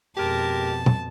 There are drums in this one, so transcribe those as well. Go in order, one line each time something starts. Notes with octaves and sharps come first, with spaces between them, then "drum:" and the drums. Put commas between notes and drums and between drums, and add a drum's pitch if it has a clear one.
F2 B2 G#3 G4 A#4 A5
drum: tom